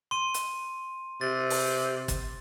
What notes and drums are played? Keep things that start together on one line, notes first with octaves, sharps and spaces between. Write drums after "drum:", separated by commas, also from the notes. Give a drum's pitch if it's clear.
C6 D#7
drum: hi-hat
C3 A6
drum: open hi-hat
drum: kick G1, hi-hat